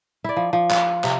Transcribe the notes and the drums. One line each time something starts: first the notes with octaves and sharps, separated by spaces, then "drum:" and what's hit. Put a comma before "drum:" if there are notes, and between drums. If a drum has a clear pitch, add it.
E4 D5
F3
F3
F4, drum: clap
C3, drum: clap